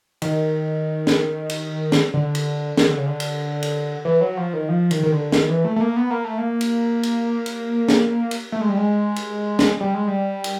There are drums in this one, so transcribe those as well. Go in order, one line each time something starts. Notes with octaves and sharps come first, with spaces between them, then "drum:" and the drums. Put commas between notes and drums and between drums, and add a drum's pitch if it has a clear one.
D#3, drum: cymbal
drum: snare
drum: cymbal
drum: snare
D3
drum: cymbal
D#3, drum: snare
D3
C#3
D3
drum: cymbal
drum: cymbal
E3
F#3
F3
D#3
F3
D#3, drum: cymbal
D#3
D3
D#3, drum: snare
E3
A3
A3
A#3
B3
A#3
A3
A#3
drum: cymbal
drum: cymbal
drum: cymbal
drum: snare
drum: cymbal
A3
G#3
G3
G#3
drum: cymbal
drum: snare
G3
G#3
G3
drum: cymbal